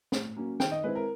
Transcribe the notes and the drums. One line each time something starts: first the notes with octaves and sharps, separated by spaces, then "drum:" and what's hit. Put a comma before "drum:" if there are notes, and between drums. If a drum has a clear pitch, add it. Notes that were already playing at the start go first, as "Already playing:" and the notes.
A2, drum: snare
F#3 A#3 C#4
D#3 G5, drum: snare
D#5
G#3 C4 E4 B4
A#4